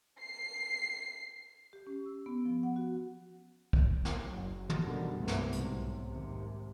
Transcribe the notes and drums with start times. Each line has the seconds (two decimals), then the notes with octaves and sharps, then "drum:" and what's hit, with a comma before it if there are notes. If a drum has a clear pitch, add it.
0.20 C7
1.73 G4
1.87 C#4
2.06 E6
2.26 B3
2.45 F3
2.63 F#5
2.76 F#4
3.73 drum: kick
4.05 drum: snare
4.27 F#1 F#3
4.70 drum: tom
4.82 F2 B2 D3 D#3 G3
5.18 C2 G2 C3 A3 B3
5.28 drum: snare
5.52 B1 G#2 C3, drum: hi-hat
6.05 D#2 G#2 C3